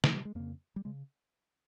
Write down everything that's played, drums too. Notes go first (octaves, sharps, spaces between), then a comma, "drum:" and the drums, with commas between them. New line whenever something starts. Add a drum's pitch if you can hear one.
F3, drum: snare
G3
G#3
F2 C#3 A#3
G3
C#3 G#3